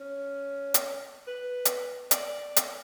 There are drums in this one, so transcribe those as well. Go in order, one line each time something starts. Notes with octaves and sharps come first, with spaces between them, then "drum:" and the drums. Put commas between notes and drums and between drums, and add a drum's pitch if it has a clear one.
C#4
drum: hi-hat
B4
drum: hi-hat
D5, drum: hi-hat
drum: hi-hat